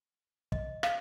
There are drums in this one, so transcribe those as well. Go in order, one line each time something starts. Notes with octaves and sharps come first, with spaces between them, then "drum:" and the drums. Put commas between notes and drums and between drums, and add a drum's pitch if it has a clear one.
D#5, drum: kick
F5, drum: rim click